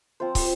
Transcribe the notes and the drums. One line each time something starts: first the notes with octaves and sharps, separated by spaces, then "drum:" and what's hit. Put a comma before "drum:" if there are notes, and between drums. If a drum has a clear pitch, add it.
F3 C4 F4 C5
drum: kick, open hi-hat